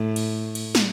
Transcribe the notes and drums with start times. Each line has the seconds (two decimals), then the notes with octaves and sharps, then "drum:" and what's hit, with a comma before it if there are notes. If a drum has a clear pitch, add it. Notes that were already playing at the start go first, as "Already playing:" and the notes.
Already playing: A2
0.16 drum: cymbal
0.55 drum: cymbal
0.75 drum: snare